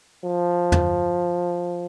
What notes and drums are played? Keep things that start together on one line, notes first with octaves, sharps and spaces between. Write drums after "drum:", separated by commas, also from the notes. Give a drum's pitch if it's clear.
F3
drum: tom